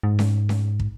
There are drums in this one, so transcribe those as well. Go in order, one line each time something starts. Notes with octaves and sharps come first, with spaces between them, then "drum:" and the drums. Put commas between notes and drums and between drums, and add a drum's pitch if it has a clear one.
G#2
drum: snare C#4
drum: snare C#4
drum: kick